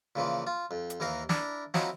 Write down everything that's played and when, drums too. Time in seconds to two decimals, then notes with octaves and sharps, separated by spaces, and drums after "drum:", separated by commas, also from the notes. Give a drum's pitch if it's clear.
0.15 A#2 C#3 E3 F3
0.47 F4
0.71 F2
0.90 drum: hi-hat
1.00 D#2 E3 D#4 A#4 F5
1.29 D4 E4 A#4, drum: snare
1.74 F3 F#3 C4 D#4 E4, drum: snare